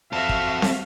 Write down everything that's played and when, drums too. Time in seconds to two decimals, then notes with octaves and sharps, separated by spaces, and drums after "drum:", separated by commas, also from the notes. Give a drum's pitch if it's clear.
0.13 C4 F#4 A4 E5 F5
0.29 drum: kick
0.62 drum: snare